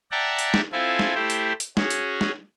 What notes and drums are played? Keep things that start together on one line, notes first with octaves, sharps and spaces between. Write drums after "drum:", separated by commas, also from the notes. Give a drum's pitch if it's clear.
D5 E5 F#5 G5 A5 A#5
drum: hi-hat
drum: snare
C4 E4 F4 A4 G#5
drum: snare
A3 E4 G4 C5
drum: hi-hat
drum: hi-hat
C#4 F#4 G#4, drum: snare
drum: hi-hat
drum: snare